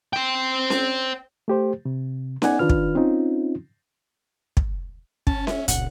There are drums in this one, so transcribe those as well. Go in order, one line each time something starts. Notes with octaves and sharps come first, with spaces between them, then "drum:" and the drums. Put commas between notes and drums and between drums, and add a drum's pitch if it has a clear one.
C5 G5
drum: snare C#4
A3 G4 C5
C3
B3 D#4 D5 F#5 G#5, drum: snare C#4
D#3 D4 F4 B4 F6
drum: kick
C4 C#4 D#4 F4
drum: kick
C#4 A5, drum: kick
E5, drum: snare C#4
F1 C#2 A#2 F#5, drum: hi-hat